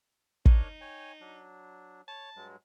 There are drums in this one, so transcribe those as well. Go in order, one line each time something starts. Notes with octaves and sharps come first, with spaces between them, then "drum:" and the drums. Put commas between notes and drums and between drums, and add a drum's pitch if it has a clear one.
D4 D#4 A#4 C#5, drum: kick
C#5 G5 G#5
F#3 D4
C#5 A5
G2 F#3 G#3